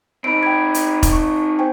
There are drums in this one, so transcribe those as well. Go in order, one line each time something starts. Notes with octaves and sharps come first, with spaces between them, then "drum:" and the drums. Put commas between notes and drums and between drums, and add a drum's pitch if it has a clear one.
C4 D#4 B5 D7
G5 B5 G#6
drum: hi-hat
drum: kick E1, hi-hat
C#6
C5 G5 G#5